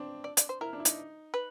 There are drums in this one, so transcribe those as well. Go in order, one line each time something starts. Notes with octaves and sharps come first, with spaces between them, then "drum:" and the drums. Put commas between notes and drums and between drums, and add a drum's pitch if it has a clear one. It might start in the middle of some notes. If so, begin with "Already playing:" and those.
Already playing: C4 D4
D5
D5, drum: hi-hat
C5
E4 A#4
D4
E4
D#4, drum: hi-hat
B4